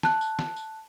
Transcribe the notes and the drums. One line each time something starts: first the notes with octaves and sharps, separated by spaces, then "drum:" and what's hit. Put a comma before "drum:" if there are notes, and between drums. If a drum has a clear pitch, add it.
A5 F#6, drum: snare
drum: tambourine
drum: snare
drum: tambourine